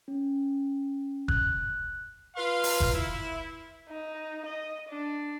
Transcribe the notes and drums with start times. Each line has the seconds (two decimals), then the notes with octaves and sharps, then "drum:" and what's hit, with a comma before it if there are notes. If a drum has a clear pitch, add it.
0.08 C#4
1.28 F#6, drum: kick F1
2.35 F4 B4 F5 C6
2.64 drum: open hi-hat
2.80 drum: kick F1
2.93 E4
3.88 D#4
4.46 D#5
4.89 D4